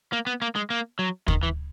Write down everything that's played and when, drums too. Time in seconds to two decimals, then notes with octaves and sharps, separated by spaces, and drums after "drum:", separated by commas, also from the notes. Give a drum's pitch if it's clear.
0.13 A#3
0.27 B3
0.42 A#3
0.56 G#3
0.70 A#3
0.99 F#3
1.28 D#3, drum: kick
1.43 E3